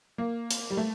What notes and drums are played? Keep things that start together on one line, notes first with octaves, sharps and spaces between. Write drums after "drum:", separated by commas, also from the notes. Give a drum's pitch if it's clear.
A#3
drum: hi-hat
G3
A3